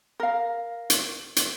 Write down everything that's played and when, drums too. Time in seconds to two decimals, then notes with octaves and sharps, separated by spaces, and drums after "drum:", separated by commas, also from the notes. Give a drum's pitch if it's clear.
0.20 A#4 F5
0.90 drum: hi-hat
1.36 drum: hi-hat